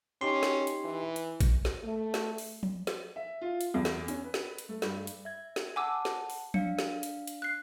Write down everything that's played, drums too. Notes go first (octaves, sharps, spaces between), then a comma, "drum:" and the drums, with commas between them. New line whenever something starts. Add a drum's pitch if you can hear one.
C#4 D#4 G4 C6
drum: snare
drum: hi-hat
E3
drum: hi-hat
drum: kick A1, hi-hat
drum: snare
A3
drum: snare
drum: open hi-hat
drum: tom F3
drum: snare
E5
F4
drum: hi-hat
E2
drum: snare
C#4, drum: hi-hat
B4
drum: snare
drum: hi-hat
A3
G2, drum: snare
drum: hi-hat
E5 G#6
drum: snare
F#5 G#5 A5 D6 E6
drum: snare
drum: open hi-hat
D4 F5 C#7, drum: tom F3
drum: snare
drum: hi-hat
drum: hi-hat
F#6 C7